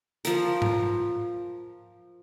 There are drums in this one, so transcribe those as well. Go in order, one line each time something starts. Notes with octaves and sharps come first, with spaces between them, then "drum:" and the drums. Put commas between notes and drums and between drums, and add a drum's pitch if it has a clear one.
F3 A#4, drum: hi-hat
drum: tom G#2